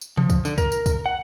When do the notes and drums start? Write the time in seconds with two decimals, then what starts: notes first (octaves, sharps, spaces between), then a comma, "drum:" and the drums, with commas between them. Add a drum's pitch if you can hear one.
0.01 drum: tambourine
0.17 F3, drum: tom B2
0.30 drum: kick, tambourine
0.45 D3, drum: tambourine
0.58 A#4, drum: kick, tambourine
0.72 drum: tambourine
0.86 drum: kick, tambourine
1.06 F#5